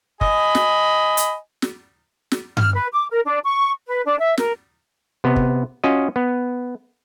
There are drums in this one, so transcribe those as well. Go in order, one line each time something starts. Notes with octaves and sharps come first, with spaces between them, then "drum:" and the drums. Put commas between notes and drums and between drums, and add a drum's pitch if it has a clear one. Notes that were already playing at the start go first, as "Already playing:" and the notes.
D#5 G#5 B5, drum: kick
drum: snare
drum: hi-hat
drum: snare
drum: snare
F6, drum: tom G2
B4
D6
A#4
D4
C#6
B4
D4
E5
A#4, drum: snare
C3 B3
drum: kick
C#4 F4 F#4 D#5
B3